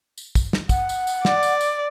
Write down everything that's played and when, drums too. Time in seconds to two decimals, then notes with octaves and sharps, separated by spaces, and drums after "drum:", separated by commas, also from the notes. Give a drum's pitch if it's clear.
0.18 drum: tambourine
0.35 drum: kick, tambourine
0.53 drum: snare
0.69 F#5, drum: kick, tambourine
0.89 drum: tambourine
1.07 drum: tambourine
1.25 D5, drum: snare
1.43 drum: tambourine
1.61 drum: tambourine